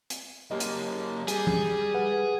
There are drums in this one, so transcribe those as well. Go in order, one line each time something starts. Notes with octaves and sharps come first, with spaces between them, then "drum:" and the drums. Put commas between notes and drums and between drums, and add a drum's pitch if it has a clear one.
drum: hi-hat
F#2 A#3 G4 D#5
drum: hi-hat
G3 G#4, drum: hi-hat
drum: tom F3
B4 F#5